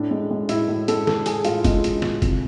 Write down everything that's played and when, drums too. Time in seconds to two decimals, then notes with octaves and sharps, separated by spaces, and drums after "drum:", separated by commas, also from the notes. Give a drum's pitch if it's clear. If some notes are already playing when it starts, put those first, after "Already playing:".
Already playing: A2 D4
0.11 G#3
0.31 G#3
0.49 A2 E4, drum: hi-hat
0.68 A2
0.88 G#3 A4, drum: hi-hat
1.07 G#3 A4, drum: snare
1.26 A2 G#4, drum: hi-hat
1.45 A2 F4, drum: hi-hat
1.64 G#3, drum: kick, hi-hat
1.84 G#3, drum: hi-hat
2.02 A2, drum: snare
2.22 C3, drum: kick, hi-hat